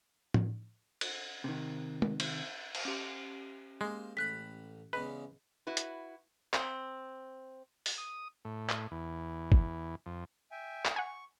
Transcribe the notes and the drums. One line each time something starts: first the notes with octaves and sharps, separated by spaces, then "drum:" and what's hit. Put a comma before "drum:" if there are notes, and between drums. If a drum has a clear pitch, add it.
drum: tom A2
drum: cymbal
C3 D#3
drum: tom
drum: cymbal
drum: cymbal
C#4 G4
G#3 A#3 C5
A1 B5 F#6 B6
E2 C#3 G#3 B4
E4 F#4 B4
drum: hi-hat
C4, drum: clap
drum: open hi-hat
D#6
A2
drum: clap
E2
drum: kick
F2
E5 G5 G#5
drum: clap
F#5 G#5 C#6